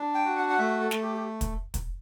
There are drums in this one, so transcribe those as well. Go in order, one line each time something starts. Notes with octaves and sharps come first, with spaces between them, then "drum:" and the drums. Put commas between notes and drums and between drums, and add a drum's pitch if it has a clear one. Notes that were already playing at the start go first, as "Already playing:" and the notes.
Already playing: D4
G5
F#4
F#5
F#5
A3 E5
A4
A3, drum: snare
G4
G4
drum: kick, hi-hat
drum: kick, hi-hat